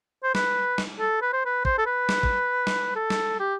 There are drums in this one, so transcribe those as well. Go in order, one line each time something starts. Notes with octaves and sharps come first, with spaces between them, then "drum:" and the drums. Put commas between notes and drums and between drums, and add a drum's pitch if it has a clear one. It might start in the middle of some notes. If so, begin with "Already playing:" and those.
C5
B4, drum: snare
drum: snare
A4
B4
C5
B4
C5, drum: kick
A4
B4
drum: snare
drum: kick
drum: snare
A4
drum: snare
G4